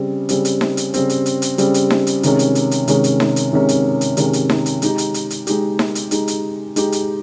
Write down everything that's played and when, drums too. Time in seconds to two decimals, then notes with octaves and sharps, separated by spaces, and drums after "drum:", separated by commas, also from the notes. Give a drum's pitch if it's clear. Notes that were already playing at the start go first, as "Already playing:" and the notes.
Already playing: C#3 G3 C4
0.29 C#3 G3 C4, drum: hi-hat
0.45 drum: hi-hat
0.61 drum: snare D#4
0.77 drum: hi-hat
0.94 C#3 G3 C4, drum: hi-hat
1.09 drum: hi-hat
1.26 drum: hi-hat
1.42 drum: hi-hat
1.58 C#3 G3 C4, drum: hi-hat
1.74 drum: hi-hat
1.90 drum: snare D#4
2.07 drum: hi-hat
2.23 C3 D#3 G#3 C#4, drum: hi-hat
2.39 drum: hi-hat
2.55 drum: hi-hat
2.71 drum: hi-hat
2.88 C3 D#3 G#3 C#4, drum: hi-hat
3.04 drum: hi-hat
3.20 drum: snare D#4
3.36 drum: hi-hat
3.53 C3 D#3 G#3 C#4
3.69 drum: hi-hat
4.01 drum: hi-hat
4.17 C3 D#3 G#3 C#4, drum: hi-hat
4.33 drum: hi-hat
4.50 drum: snare D#4
4.66 drum: hi-hat
4.82 G#3 D#4 G4, drum: hi-hat
4.98 drum: hi-hat
5.14 drum: hi-hat
5.30 drum: hi-hat
5.47 G#3 D#4 G4, drum: hi-hat
5.79 drum: snare D#4
5.95 drum: hi-hat
6.11 G#3 D#4 G4, drum: hi-hat
6.28 drum: hi-hat
6.76 G#3 D#4 G4, drum: hi-hat
6.92 drum: hi-hat